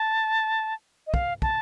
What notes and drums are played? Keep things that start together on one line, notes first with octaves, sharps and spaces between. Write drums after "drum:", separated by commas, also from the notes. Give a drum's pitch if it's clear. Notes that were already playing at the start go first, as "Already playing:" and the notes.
Already playing: A5
D#5
F5, drum: kick
A5, drum: kick